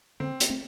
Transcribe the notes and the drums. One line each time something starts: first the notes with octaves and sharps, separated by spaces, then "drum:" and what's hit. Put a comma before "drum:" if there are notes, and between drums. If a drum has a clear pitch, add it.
D3 C4
drum: hi-hat
A3 C4